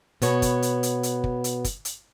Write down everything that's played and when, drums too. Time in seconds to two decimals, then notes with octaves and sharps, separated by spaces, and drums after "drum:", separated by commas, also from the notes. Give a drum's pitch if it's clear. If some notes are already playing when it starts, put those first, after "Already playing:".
0.22 B2 B3 C#5, drum: hi-hat
0.42 drum: kick, hi-hat
0.62 drum: hi-hat
0.83 drum: hi-hat
1.03 drum: hi-hat
1.24 drum: kick
1.44 drum: hi-hat
1.64 drum: kick, hi-hat
1.85 drum: hi-hat